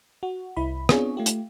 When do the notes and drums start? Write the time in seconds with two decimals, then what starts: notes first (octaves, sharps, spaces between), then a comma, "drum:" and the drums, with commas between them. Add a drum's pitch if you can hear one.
0.23 F#4
0.57 C2 E4 B5
0.89 B3 C4 D4 F4 G#4 C#5, drum: rim click
1.17 A3 F4 G4
1.26 drum: hi-hat